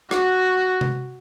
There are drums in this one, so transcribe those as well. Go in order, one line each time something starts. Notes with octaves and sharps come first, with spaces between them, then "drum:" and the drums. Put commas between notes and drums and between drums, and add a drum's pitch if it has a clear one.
F#4, drum: rim click
drum: tom C3